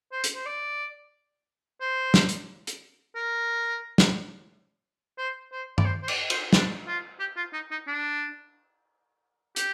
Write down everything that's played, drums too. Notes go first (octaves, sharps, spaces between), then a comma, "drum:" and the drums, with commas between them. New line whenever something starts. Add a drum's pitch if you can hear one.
C5
drum: hi-hat
C5
D5
C5
drum: snare
drum: hi-hat
drum: hi-hat
A#4
drum: snare
C5
C5
D5, drum: tom G2
C5
C5
D5, drum: cymbal
C5, drum: cymbal
D4, drum: snare
F4
G4
F4
D#4
D#4
D4
G4, drum: hi-hat